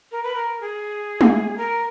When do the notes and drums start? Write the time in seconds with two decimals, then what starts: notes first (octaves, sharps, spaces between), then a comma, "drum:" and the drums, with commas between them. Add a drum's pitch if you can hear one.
0.12 A#4
0.23 B4
0.35 A#4
0.61 G#4
1.21 drum: tom G#3
1.58 A#4